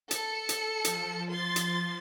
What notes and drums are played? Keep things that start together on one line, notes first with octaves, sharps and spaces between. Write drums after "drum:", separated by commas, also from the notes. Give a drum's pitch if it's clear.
A4 C#7, drum: hi-hat
drum: hi-hat
F3, drum: hi-hat
C6 A6
drum: hi-hat